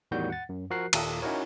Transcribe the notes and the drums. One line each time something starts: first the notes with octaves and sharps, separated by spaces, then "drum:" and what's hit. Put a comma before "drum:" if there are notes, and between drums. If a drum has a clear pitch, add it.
E2 A2 D#3 G3 F#4 G6
F#5 A6
F#2
F3 F#4 A#4 F#6 C7
D#2 A#2 A4 D#6, drum: cymbal
C#4 D#4 E4 F#4 A#4 C#5